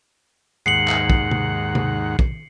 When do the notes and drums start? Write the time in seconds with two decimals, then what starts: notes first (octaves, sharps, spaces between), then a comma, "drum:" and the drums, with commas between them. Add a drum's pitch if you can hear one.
0.66 D#2 G#2 F#5 C7 C#7 F#7
0.88 drum: clap
1.10 drum: kick
1.31 drum: tom C3
1.75 drum: tom C3
2.19 drum: kick